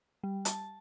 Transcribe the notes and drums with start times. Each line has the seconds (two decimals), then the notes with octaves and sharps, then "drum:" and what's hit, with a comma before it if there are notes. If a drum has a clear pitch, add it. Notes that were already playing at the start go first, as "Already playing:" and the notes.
0.23 G3
0.45 A5, drum: hi-hat